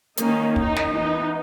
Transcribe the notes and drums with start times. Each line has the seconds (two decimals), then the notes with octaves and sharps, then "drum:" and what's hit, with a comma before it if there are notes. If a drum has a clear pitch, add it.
0.17 D#3 A#3 C#4 D#4, drum: hi-hat
0.56 D#4, drum: kick
0.76 drum: snare
0.93 E3 B3 D#4